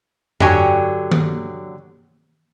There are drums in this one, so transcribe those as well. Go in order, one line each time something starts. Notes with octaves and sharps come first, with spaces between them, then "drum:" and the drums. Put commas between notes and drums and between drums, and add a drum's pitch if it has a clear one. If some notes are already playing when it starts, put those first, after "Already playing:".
D3 F#3 G4 G#5, drum: tom F2
drum: tom D#3